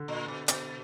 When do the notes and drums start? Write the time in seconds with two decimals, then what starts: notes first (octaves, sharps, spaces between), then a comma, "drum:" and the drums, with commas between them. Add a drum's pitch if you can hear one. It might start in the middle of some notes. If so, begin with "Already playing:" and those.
Already playing: D3
0.08 A#2
0.28 B2
0.48 B2, drum: hi-hat